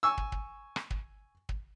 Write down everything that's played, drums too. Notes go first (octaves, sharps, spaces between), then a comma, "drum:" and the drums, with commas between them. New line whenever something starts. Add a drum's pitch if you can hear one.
G#5 C#6 E6
drum: kick
drum: kick
drum: rim click
drum: kick
drum: kick